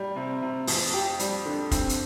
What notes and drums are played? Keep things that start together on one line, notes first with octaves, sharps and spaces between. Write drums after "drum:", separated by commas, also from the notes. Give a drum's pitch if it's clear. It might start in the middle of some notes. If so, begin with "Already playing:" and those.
Already playing: G3
C3
C3
F2, drum: open hi-hat
G4
G3, drum: hi-hat
D3
C4, drum: kick, hi-hat
drum: hi-hat